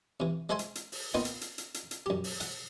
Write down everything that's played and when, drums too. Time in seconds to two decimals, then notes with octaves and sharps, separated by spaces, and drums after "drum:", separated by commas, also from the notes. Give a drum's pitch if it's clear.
0.20 C3 E3
0.49 G#3 A4 C5 E5 G#5 C6
0.59 drum: hi-hat
0.75 drum: hi-hat
0.92 drum: open hi-hat
1.14 A#3 B3 D#4 F4 G5
1.25 drum: hi-hat
1.41 drum: hi-hat
1.58 drum: hi-hat
1.74 drum: hi-hat
1.91 drum: hi-hat
2.06 F#2 G4
2.24 drum: open hi-hat
2.40 F#5, drum: hi-hat